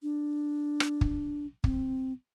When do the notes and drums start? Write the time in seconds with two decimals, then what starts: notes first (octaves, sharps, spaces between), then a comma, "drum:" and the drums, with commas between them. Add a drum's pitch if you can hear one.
0.03 D4
0.80 drum: rim click
1.01 drum: kick
1.64 C4, drum: kick